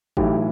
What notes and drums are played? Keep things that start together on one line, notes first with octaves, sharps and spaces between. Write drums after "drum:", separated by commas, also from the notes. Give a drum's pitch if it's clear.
B1 A2 E3 G4, drum: kick